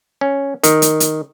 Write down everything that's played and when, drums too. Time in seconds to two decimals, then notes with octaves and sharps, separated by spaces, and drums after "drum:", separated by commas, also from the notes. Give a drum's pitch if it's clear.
0.21 C#4
0.63 D#3, drum: hi-hat
0.82 drum: hi-hat
1.00 drum: hi-hat